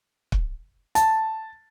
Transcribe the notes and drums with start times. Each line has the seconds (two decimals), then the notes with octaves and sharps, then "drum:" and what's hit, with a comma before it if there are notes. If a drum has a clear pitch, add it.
0.32 drum: kick
0.95 A5, drum: hi-hat